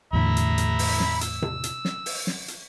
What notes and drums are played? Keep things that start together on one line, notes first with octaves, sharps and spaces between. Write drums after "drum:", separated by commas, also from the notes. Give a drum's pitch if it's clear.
E2 A2 D3 E5 A#5 B5
drum: hi-hat
drum: hi-hat
drum: open hi-hat
drum: snare
E6, drum: hi-hat
drum: tom C3
drum: hi-hat
drum: snare
drum: open hi-hat
drum: snare
drum: hi-hat